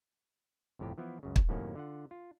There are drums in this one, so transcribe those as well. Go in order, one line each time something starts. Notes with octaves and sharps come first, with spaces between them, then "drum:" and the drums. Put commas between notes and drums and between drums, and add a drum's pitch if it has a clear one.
G1 F2 A2 C3 G4
E3 F3 B3 E4
C#2 F#2 C#3
drum: kick
F#2 A2 C3 D#3 A#3 C#4
D3 F4 F#5
F4